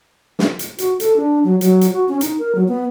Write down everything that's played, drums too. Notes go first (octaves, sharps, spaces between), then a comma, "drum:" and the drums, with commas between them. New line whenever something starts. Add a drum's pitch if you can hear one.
drum: snare
drum: hi-hat
F#4, drum: hi-hat
A4, drum: hi-hat
D4
F#3
F#3, drum: hi-hat
drum: hi-hat
F#4
C#4
D#4, drum: hi-hat
A#4
F#3
B3